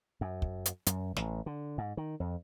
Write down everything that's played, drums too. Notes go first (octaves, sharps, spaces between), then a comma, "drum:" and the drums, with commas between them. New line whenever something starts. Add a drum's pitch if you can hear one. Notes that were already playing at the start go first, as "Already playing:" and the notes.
F#2
drum: kick
drum: hi-hat
F#2, drum: hi-hat
A1, drum: snare
D3
G#2
D#3
F2